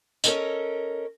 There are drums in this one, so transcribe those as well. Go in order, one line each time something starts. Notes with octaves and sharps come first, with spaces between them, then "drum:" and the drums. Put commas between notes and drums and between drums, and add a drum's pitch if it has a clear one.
C#4 A4 A#4 D#5, drum: tambourine